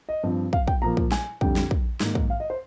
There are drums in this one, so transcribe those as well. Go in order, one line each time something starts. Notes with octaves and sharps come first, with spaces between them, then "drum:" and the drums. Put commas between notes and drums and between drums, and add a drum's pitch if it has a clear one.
D#5
G2 F3 C4
F5, drum: kick
G5, drum: kick
A#2 F3 A#3 A#5
drum: kick
G#5, drum: snare
F2 D3 G3 G5, drum: kick
drum: snare
drum: kick
G#2 D#3 A#3, drum: snare
drum: kick
F5
D#5
C5